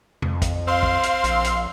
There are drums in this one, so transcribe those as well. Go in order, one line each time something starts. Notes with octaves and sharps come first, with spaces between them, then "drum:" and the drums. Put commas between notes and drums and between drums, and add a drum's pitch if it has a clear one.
F2, drum: tom
drum: kick, hi-hat
C4 F5 C6
drum: kick
drum: hi-hat
A#1, drum: hi-hat
drum: hi-hat